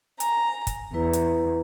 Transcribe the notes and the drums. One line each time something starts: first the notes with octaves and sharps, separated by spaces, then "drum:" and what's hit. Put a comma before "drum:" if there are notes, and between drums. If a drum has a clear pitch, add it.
G#5 A#5, drum: hi-hat
drum: kick, hi-hat
E2 E4 B4 A#5
drum: hi-hat